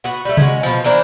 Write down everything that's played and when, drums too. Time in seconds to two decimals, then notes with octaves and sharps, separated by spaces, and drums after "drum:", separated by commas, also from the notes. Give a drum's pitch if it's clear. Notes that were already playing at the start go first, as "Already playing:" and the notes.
0.04 B3 F#4
0.25 G3 A3
0.37 G#3 C#4 F#4, drum: tom C3
0.63 B2 F3
0.84 E3 D4 A#4 C5